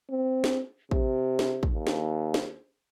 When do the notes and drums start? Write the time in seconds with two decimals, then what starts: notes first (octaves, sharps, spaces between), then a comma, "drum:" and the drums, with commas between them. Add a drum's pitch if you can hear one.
0.11 C4
0.44 drum: snare
0.91 C3, drum: kick
1.39 drum: snare
1.63 drum: kick
1.74 D#2
1.87 drum: snare
2.34 drum: snare